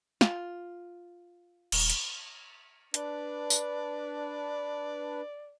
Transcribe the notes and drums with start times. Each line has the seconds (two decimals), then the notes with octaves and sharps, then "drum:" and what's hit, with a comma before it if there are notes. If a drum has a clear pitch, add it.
0.21 F4, drum: snare
1.72 D#1, drum: cymbal
1.90 drum: hi-hat
2.94 D4 B4 D5, drum: hi-hat
3.50 drum: tambourine